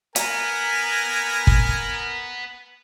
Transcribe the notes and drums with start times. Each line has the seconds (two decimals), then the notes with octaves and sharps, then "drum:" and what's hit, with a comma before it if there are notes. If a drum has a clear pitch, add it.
0.16 B3 A#4 G#5 A#5, drum: hi-hat
1.47 drum: kick